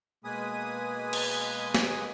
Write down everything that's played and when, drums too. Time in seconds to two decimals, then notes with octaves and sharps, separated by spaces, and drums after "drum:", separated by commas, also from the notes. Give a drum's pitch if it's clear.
0.24 B2 G#3 A#3 B4 G#5 D#6
1.13 drum: cymbal
1.75 drum: snare